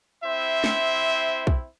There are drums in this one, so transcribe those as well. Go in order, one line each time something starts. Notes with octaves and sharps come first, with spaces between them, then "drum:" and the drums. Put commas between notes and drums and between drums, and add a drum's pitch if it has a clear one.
C4 E4 C5 E5
drum: snare
drum: kick B1